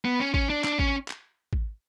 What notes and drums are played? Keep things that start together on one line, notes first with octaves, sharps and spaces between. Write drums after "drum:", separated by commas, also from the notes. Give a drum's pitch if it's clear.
B3
C#4
C#4, drum: kick
D4
D4, drum: clap
C#4, drum: kick
drum: clap
drum: kick